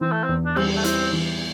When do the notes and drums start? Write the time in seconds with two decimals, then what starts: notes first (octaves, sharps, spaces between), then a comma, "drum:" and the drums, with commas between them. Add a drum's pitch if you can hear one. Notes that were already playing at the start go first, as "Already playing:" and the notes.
0.01 E3 C4
0.12 A3
0.24 C4
0.29 E2
0.46 D4
0.56 G3 C4, drum: cymbal
0.76 A3
0.84 C4 E4, drum: hi-hat
1.13 E3